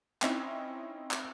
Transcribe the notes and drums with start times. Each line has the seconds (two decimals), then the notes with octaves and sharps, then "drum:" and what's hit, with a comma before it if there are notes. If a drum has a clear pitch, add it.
0.22 C4 C#4 D#4 E4, drum: clap
1.11 drum: clap